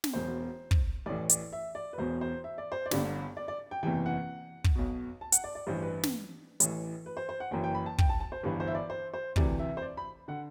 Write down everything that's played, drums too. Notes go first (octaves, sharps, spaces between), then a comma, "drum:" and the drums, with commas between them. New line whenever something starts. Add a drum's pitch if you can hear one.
drum: snare
E1 E2 B2 C5
drum: kick
A1 A2 E3 D5
D5, drum: hi-hat
E5
D5
B4
E1 E2 B2 C5
C5
E5
D5
C5
D5
G1 G2 D3, drum: snare
D5
D5
G5
F#1 E2 C3 E3 G5
F#5
drum: kick
B1 B2
A5
F#5, drum: hi-hat
D5
D5
A1 G2 E3 C5
B4
drum: snare
A1 A2 E3, drum: hi-hat
B4
C5
C5
F#5
F#1 F#2 E3 G5
G5
B5
A5
G5, drum: kick
A5
A5
C5
G1 G2 E3 B4
C5
E5
D5
C5
C5
D2 C3 E3 D5, drum: kick
E5
C5
D5
B5
D3 F#5